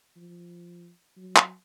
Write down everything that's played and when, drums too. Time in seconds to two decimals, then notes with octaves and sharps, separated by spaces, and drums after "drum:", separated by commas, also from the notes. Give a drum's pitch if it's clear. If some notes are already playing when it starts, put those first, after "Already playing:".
0.16 F3
1.16 F#3
1.36 drum: clap